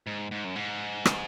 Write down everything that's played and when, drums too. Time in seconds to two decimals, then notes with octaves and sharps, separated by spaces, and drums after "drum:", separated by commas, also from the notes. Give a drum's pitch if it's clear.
0.07 G#2
0.31 G#2
0.44 F#2
0.56 G#2
1.05 drum: rim click